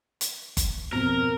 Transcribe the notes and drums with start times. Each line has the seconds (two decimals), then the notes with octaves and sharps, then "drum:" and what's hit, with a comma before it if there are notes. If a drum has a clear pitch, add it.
0.21 drum: hi-hat
0.57 drum: kick G1, hi-hat
0.93 F2 B2 A#4